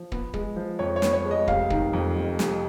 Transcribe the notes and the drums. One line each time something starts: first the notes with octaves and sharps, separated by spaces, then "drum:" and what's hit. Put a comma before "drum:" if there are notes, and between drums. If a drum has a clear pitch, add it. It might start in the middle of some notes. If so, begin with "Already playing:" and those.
Already playing: F3
B3, drum: kick
G#3, drum: kick
F3
F2 C#5
C#5
B3, drum: snare
C#5
G#3
D#5
F1 F5, drum: kick
D#3, drum: kick
F2
F1
F1, drum: snare